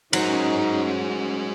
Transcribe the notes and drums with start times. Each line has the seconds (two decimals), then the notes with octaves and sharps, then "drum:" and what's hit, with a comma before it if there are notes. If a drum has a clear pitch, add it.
0.13 F#3 G#3 C#4 D#4 C5, drum: cymbal